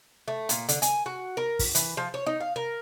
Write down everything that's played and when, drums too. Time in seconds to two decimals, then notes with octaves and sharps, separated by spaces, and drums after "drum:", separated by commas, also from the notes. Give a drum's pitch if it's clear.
0.28 A3
0.49 A#2, drum: hi-hat
0.69 D3, drum: hi-hat
0.82 G#5, drum: hi-hat
1.06 F#4
1.37 A#4
1.59 drum: kick, open hi-hat
1.75 E3, drum: hi-hat
1.97 F3
2.14 C#5
2.26 D#4
2.41 F5
2.56 A#4